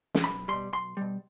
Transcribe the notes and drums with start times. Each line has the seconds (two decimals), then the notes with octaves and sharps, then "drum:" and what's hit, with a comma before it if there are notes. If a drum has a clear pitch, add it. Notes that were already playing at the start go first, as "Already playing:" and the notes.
0.14 drum: snare
0.24 B1 B5
0.48 B2 G3 C6
0.73 B1 C6
0.97 B2 G3